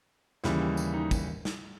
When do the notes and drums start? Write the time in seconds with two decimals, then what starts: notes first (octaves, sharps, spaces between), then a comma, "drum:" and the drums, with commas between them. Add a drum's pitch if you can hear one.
0.44 D#2 C#3 E3 G3, drum: snare
0.77 drum: tambourine
0.94 D#4
1.11 drum: kick, tambourine
1.45 drum: snare